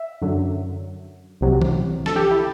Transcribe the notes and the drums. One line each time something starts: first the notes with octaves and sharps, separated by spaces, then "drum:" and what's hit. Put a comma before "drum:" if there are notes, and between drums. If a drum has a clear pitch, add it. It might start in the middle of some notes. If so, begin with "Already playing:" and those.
Already playing: E5
F#2 D3 F#3
C2 C3 F#3
drum: tom E3
A4, drum: snare
G4
E4